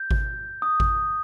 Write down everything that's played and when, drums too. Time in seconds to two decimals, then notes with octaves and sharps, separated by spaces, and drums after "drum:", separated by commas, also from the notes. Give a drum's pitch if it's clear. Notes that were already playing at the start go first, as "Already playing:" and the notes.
Already playing: G6
0.11 drum: kick G#1
0.62 D#6
0.80 drum: kick G#1